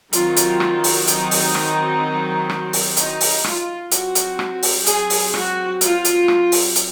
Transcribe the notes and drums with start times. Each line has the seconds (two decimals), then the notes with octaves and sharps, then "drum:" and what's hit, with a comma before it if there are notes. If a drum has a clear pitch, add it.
0.13 D#3 F#3 C4 F4, drum: hi-hat
0.36 drum: hi-hat
0.60 drum: rim click
0.84 drum: open hi-hat
1.07 D#4, drum: hi-hat
1.31 drum: open hi-hat
1.55 drum: rim click
2.49 drum: rim click
2.73 drum: open hi-hat
2.97 D#4, drum: hi-hat
3.21 drum: open hi-hat
3.44 F4, drum: rim click
3.91 F#3 C4 F#4, drum: hi-hat
4.15 drum: hi-hat
4.39 drum: rim click
4.63 drum: open hi-hat
4.86 G#4, drum: hi-hat
5.10 drum: open hi-hat
5.34 F#4, drum: rim click
5.81 F4, drum: hi-hat
6.05 drum: hi-hat
6.28 drum: rim click
6.52 drum: open hi-hat
6.76 drum: hi-hat